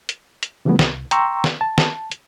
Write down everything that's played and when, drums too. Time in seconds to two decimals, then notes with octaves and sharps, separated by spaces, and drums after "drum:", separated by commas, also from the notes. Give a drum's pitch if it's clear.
0.09 drum: hi-hat
0.43 drum: hi-hat
0.65 C#3 E3 F3 G3 A3 B3
0.79 C2, drum: snare
1.11 G5 A#5 C6 C#6 E6, drum: hi-hat
1.44 drum: snare
1.61 A5
1.78 drum: snare
2.12 drum: hi-hat